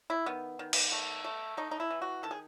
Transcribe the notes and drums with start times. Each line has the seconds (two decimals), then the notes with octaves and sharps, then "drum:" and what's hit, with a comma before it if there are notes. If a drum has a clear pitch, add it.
0.10 E4
0.26 D#3 B3
0.59 D#3
0.73 drum: cymbal
0.92 A3
1.24 A3
1.57 A3 D#4
1.71 D#4
1.80 E4
1.90 E3
2.02 F#4
2.23 D#3 A4
2.31 G#4